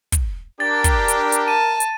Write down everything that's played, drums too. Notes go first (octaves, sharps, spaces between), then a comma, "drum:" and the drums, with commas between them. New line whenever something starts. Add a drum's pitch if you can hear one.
drum: kick, hi-hat
D4 G4 A#4 A6
drum: kick, hi-hat
drum: hi-hat
drum: hi-hat
A5 D#7
drum: hi-hat